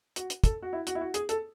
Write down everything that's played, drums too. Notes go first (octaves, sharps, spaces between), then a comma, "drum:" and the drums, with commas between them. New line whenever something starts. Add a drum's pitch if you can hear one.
F#4, drum: hi-hat
drum: hi-hat
A4, drum: kick, hi-hat
F#4
E4
F#4, drum: hi-hat
E4
F#4
G#4, drum: hi-hat
A4, drum: hi-hat